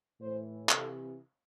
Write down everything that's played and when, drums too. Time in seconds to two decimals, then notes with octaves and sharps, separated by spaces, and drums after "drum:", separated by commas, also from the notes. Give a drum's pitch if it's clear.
0.20 A2 E3 C5
0.69 C3 E3 A4, drum: clap